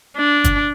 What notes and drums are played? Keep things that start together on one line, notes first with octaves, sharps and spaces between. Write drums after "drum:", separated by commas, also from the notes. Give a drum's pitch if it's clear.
D4
drum: kick, hi-hat